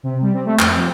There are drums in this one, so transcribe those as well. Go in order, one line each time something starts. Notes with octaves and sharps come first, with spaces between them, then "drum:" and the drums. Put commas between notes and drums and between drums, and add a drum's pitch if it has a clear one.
C3
G3
C4
A3
F2, drum: clap
F3